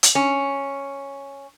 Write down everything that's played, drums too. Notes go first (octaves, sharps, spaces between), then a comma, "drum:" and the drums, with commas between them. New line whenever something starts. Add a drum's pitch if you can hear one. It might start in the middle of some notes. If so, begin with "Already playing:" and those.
drum: hi-hat
C#4